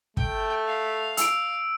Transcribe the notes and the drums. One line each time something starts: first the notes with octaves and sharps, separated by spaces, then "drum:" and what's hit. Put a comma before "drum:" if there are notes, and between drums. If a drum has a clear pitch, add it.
A3 G5, drum: kick
F5
E6 D7, drum: hi-hat